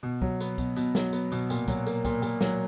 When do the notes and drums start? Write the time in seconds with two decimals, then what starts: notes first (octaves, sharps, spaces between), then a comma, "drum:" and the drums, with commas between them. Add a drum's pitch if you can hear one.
0.03 B2
0.22 F#3, drum: kick
0.41 B3, drum: tambourine
0.58 B2, drum: kick, tambourine
0.76 B2, drum: tambourine
0.95 F#3, drum: snare
1.13 B3, drum: tambourine
1.32 B2, drum: tambourine
1.50 A#2, drum: tambourine
1.68 F#3, drum: kick, tambourine
1.87 A#3, drum: tambourine
2.05 A#2, drum: kick, tambourine
2.22 A#2, drum: tambourine
2.41 F#3, drum: snare